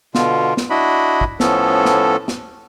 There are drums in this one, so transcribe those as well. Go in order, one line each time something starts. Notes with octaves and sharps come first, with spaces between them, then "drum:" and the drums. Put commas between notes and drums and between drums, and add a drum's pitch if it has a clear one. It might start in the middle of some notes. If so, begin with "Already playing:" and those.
B2 D3 F4, drum: snare
drum: snare
D4 E4 F#4 D#5 B5
drum: kick
A2 F3 B3 C#4 A4, drum: snare
drum: snare
drum: snare